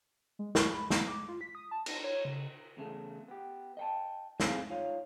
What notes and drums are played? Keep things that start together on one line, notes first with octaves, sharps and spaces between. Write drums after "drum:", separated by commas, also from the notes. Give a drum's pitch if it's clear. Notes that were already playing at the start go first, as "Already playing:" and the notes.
G#3
C#6, drum: snare
B5
B3, drum: snare
D6
F4
B6
D#6
A5
A#6, drum: cymbal
C#5
C#3
E2 C#3 A3
B3 G4
D#5 G5 A5
C4 D#4 G#4 C5 F5 G#5, drum: snare
D#4 F4 C#5 F5